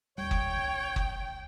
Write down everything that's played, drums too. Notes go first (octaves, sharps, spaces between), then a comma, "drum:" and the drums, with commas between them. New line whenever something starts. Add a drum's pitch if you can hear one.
D#1 C#2 G3 C#5 G5
drum: kick
C2
drum: kick